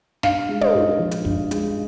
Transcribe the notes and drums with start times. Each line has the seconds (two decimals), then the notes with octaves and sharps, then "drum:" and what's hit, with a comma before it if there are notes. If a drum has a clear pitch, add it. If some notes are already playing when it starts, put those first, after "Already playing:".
0.23 G2 F5, drum: snare
0.49 G#3
0.61 D#5, drum: tom
0.74 G2
0.99 F3
1.11 drum: hi-hat
1.25 G2, drum: kick
1.51 G#3, drum: hi-hat